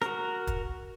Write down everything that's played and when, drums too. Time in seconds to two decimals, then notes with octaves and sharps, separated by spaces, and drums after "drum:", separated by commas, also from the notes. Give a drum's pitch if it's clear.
0.02 F#4 A#4, drum: rim click
0.47 drum: kick, hi-hat